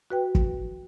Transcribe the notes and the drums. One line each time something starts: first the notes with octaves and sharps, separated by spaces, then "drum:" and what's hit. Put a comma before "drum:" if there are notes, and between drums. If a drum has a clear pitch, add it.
F#4 B4 G5
drum: kick